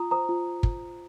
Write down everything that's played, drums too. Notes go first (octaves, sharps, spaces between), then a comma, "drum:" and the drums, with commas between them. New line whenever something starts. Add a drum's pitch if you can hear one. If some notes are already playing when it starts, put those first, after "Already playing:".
Already playing: F4 A#5 D#6
C5 A#5 D#6
F4
drum: kick